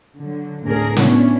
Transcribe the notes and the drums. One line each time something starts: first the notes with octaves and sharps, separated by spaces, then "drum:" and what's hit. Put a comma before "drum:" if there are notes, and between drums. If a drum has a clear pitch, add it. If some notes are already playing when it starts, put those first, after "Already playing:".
D3 F#3
D2 A2 C3 D4 G#4 A#4
B3 C#4 D4 E4, drum: snare